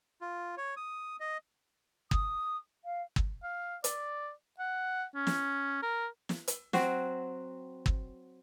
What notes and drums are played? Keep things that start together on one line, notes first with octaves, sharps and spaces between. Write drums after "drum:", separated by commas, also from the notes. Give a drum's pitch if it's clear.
F4
C#5
D#6
D#5
D#6, drum: kick
F5
drum: kick
F5
D5, drum: hi-hat
F#5
C#4
drum: snare
A#4
drum: snare
drum: hi-hat
F#3 C4 F#4, drum: snare
drum: kick